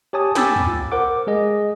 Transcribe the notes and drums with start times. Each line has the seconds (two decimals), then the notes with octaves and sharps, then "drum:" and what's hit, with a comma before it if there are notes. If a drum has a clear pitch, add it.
0.13 G4 C#5 G#5 A5 D#6
0.35 G5 G#5 B5 D6 E6 A6, drum: snare
0.56 drum: tom
0.67 F4
0.92 A#4 C5 F#5 D6
1.27 G#3 G#4 D#5